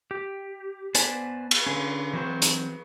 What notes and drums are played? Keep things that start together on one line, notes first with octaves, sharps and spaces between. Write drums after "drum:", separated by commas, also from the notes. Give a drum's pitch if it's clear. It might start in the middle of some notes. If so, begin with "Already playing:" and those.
G4
B3 B4 C5 D5 G#5 A5, drum: hi-hat
drum: cymbal
D3 C#4
E3 F#3 A3 C4 F#4 C5
drum: hi-hat